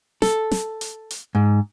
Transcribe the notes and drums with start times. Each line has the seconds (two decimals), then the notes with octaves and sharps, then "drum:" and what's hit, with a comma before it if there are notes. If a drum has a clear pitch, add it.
0.22 A4, drum: snare
0.51 drum: snare
0.81 drum: hi-hat
1.11 drum: hi-hat
1.35 G#2